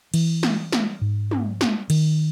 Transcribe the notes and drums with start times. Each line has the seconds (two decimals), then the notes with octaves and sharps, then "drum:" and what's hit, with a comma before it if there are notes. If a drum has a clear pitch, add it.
0.14 E3, drum: cymbal
0.43 drum: snare
0.72 drum: snare
1.01 G#2
1.31 drum: tom
1.61 drum: snare
1.90 D#3, drum: cymbal